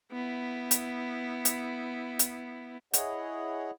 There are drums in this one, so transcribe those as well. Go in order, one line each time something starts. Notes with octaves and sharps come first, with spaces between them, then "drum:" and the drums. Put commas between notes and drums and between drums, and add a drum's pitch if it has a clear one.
B3 E4
drum: hi-hat
drum: hi-hat
drum: hi-hat
E4 G#4 C#5 D#5 F#5, drum: hi-hat